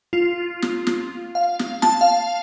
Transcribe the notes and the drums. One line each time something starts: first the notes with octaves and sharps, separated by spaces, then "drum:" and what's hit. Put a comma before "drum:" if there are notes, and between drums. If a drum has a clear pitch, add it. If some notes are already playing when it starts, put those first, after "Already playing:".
F4
drum: snare
drum: snare
F5
drum: snare
A5, drum: snare
F5